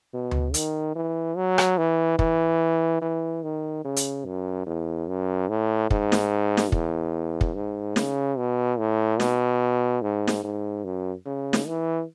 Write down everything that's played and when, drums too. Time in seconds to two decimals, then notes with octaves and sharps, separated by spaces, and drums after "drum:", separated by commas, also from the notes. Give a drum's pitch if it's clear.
0.14 B2
0.31 drum: tom D2
0.54 D#3, drum: hi-hat
0.95 E3
1.36 F#3
1.58 drum: rim click
1.78 E3
2.19 E3, drum: kick
3.02 E3
3.43 D#3
3.85 C#3
3.96 drum: hi-hat
4.26 F#2
4.67 E2
5.08 F#2
5.49 A2
5.91 G#2, drum: kick
6.12 drum: snare
6.57 drum: snare
6.72 E2, drum: kick
7.41 drum: kick
7.55 G#2
7.96 C#3, drum: snare
8.38 B2
8.79 A2
9.20 B2, drum: snare
10.02 G#2
10.27 drum: snare
10.44 G#2
10.85 F#2
11.26 C#3
11.53 drum: snare
11.67 E3